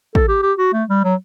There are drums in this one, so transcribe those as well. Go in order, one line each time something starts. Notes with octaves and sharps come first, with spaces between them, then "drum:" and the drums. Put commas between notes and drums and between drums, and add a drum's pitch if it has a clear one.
A4, drum: kick
G4
G4
F#4
A3
G3
F#3